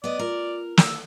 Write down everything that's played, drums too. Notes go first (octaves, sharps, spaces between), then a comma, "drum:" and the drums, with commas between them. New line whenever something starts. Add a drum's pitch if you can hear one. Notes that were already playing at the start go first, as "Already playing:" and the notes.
B3 D5 D#5
F4 A#4
E6, drum: snare